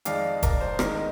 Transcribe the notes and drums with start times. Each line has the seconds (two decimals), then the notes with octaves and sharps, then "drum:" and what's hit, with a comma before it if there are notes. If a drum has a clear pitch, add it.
0.05 F2 D#3 G#3 D5 F5, drum: hi-hat
0.43 A#4 D5, drum: kick, hi-hat
0.61 C5
0.79 G#2 D#3 G#3 A#4, drum: rim click
0.95 A#4